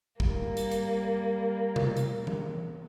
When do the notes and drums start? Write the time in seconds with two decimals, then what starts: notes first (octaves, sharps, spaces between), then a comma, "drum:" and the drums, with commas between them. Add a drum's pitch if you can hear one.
0.20 G3 A#3, drum: kick
0.57 drum: hi-hat
0.71 drum: hi-hat
1.76 drum: tom C3
1.97 drum: hi-hat
2.27 drum: tom E3